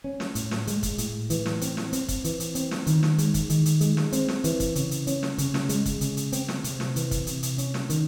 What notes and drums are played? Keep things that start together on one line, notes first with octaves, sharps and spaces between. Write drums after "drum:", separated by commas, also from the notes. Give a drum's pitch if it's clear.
C#4
drum: snare
A2, drum: hi-hat
drum: snare
G#3, drum: hi-hat
drum: kick, hi-hat
A2, drum: hi-hat
E3, drum: hi-hat
drum: snare
C4, drum: hi-hat
drum: snare
C4, drum: hi-hat
drum: kick, hi-hat
E3, drum: hi-hat
drum: hi-hat
C4, drum: hi-hat
drum: snare
D#3, drum: hi-hat
drum: snare
G#3, drum: hi-hat
drum: kick, hi-hat
D#3, drum: hi-hat
drum: hi-hat
G#3, drum: hi-hat
drum: snare
C4, drum: hi-hat
drum: snare
E3, drum: hi-hat
drum: kick, hi-hat
C#3, drum: hi-hat
drum: hi-hat
C#4, drum: hi-hat
drum: snare
C#3, drum: hi-hat
drum: snare
G#3, drum: hi-hat
drum: kick, hi-hat
C#3, drum: hi-hat
drum: hi-hat
C4, drum: hi-hat
drum: snare
C3, drum: hi-hat
drum: snare
E3, drum: hi-hat
drum: kick, hi-hat
C3, drum: hi-hat
drum: hi-hat
C#4, drum: hi-hat
drum: snare
D#3, drum: hi-hat